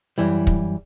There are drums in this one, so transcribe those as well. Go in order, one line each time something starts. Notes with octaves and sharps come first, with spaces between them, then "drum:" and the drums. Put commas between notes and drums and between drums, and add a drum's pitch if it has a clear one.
F#2 E3 G3 E4
drum: kick